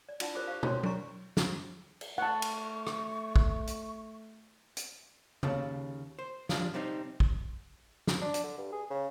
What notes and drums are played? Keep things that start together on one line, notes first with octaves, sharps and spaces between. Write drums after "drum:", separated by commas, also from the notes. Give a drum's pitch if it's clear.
D5
D4 E4 F4 D5 F#5 A5, drum: cymbal
E4 F4 G4 G#4 A#4 C5
G4 C5 F5
F#4 A#4 C5 C#5 G5 C6, drum: tom
C#4 E4 D5 A#5 C#6, drum: tom F#3
drum: snare
drum: cymbal
A3 F#5 A5 C#6
drum: cymbal
drum: rim click
drum: kick
drum: hi-hat
drum: hi-hat
D#2 C#3 A4, drum: tom C3
C5
F3 G3 G#3 D4 F4, drum: snare
C3 G3 C4 D#4
drum: kick
drum: snare
D4
drum: hi-hat
D3
G2
G#4
C#3